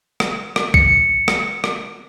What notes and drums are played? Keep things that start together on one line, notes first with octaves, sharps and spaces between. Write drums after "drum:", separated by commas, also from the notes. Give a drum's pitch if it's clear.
drum: rim click
drum: rim click
C#7, drum: kick B1
drum: rim click
drum: rim click